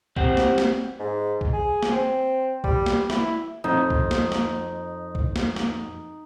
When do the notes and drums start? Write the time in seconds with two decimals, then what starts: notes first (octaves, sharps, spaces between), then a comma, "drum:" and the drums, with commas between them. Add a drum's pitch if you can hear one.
0.16 G3 C4 C5 F#5, drum: kick B1
0.37 drum: snare
0.58 drum: snare
0.99 G#2
1.41 drum: kick B1
1.53 G#4
1.83 drum: snare
1.92 C4
2.64 G3, drum: kick B1
2.86 drum: snare
3.10 E4, drum: snare
3.64 F2 D#4
3.90 drum: kick B1
4.11 drum: snare
4.32 drum: snare
5.15 drum: kick B1
5.36 drum: snare
5.56 drum: snare